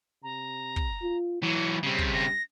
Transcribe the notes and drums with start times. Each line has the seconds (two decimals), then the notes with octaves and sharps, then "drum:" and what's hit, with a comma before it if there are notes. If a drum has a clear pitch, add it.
0.23 C3 A#5
0.76 drum: kick
1.02 F4
1.42 E3 F#3 E4 C#7
1.83 C#3 G3 C4 C7
1.99 drum: kick
2.14 A#6